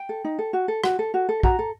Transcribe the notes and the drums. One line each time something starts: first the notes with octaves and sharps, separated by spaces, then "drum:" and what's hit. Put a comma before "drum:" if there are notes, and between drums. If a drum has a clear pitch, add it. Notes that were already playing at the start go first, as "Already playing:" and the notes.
Already playing: G5
A4
D#4
A4
F#4
A4
F#4, drum: rim click
A4
F#4
A4
F#4 A#5, drum: kick
A4